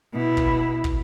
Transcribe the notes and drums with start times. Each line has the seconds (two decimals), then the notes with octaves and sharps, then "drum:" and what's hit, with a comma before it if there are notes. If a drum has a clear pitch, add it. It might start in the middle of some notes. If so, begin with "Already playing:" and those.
0.13 B2 E4
0.37 drum: kick
0.84 drum: kick